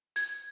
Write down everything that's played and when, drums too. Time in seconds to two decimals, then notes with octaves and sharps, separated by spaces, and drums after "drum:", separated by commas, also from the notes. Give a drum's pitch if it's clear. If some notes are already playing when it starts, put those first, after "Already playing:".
0.16 G#6, drum: hi-hat